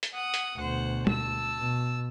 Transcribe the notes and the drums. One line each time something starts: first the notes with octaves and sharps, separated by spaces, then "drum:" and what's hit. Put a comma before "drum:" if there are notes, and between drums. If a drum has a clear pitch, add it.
drum: hi-hat
F#5 D#6
drum: hi-hat
D2 B2 C5 F#5
A5 E6, drum: tom
B2